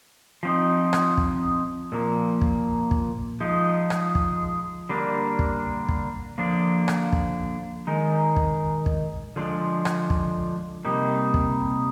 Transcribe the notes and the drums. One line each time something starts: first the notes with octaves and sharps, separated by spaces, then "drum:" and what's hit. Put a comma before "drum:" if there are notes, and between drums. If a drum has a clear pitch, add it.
F3 C4 D#4
drum: rim click
drum: kick
A#2 F3 A#3
drum: kick
drum: kick
F3 G#3 D#4
drum: rim click
drum: kick
D3 G3 A#3 D4
drum: kick
drum: kick
D3 F3 A#3 D4
drum: rim click
drum: kick
D#3 G#3 D#4
drum: kick
drum: kick
D3 F3 G#3 D4
drum: rim click
drum: kick
C3 G3 A#3 D#4
drum: kick